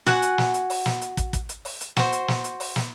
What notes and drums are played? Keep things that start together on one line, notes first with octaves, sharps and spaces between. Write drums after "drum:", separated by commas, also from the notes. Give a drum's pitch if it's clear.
F#4 F#5 G#5, drum: snare
drum: hi-hat
drum: snare
drum: hi-hat
drum: open hi-hat
drum: snare
drum: hi-hat
drum: kick, hi-hat
drum: kick, hi-hat
drum: hi-hat
drum: open hi-hat
drum: hi-hat
F#4 C5, drum: snare
drum: hi-hat
drum: snare
drum: hi-hat
drum: open hi-hat
drum: snare